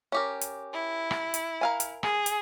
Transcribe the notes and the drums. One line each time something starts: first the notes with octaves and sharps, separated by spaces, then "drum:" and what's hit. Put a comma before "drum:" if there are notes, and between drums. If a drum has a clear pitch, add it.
C#4 G4 A#4
drum: hi-hat
E4
drum: rim click
drum: hi-hat
A#4 F5 G#5
drum: hi-hat
G#4, drum: rim click
drum: hi-hat